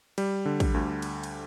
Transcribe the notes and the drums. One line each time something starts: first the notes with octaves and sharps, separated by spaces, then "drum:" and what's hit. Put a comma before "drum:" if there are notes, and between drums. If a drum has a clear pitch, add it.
G3, drum: cymbal
D3
drum: kick, cymbal
D2
drum: cymbal
drum: cymbal